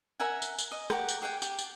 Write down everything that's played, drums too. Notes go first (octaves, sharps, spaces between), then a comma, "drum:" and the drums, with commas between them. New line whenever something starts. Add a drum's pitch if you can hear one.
A#4 E5 F#5 G#5
drum: tambourine
drum: tambourine
D#5
G4 A#4 F#5 D6, drum: rim click
drum: tambourine
G4 G#4 F#5 G5
G4, drum: tambourine
drum: tambourine